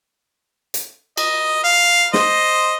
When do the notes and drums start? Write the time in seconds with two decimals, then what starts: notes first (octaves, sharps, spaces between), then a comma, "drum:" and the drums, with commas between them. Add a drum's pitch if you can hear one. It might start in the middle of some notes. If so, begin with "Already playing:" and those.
0.74 drum: hi-hat
1.17 D#5, drum: cymbal
1.64 F5
2.14 C5 D#5, drum: snare